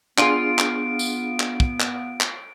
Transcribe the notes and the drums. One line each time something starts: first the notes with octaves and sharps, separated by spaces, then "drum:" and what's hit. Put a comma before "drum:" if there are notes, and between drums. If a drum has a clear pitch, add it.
B3 D4 F4 G#4 D7, drum: clap
drum: clap
drum: tambourine
drum: clap
drum: kick
drum: clap
drum: clap